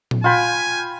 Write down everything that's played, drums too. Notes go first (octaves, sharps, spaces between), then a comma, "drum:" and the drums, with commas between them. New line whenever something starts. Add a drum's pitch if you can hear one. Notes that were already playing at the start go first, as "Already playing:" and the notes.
drum: tom A#2
F4 G5 G#5 B5